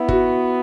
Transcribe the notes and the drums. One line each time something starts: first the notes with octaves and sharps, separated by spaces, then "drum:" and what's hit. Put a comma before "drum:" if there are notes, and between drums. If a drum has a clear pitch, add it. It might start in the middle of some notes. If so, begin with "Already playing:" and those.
Already playing: B3 E4
F#4, drum: kick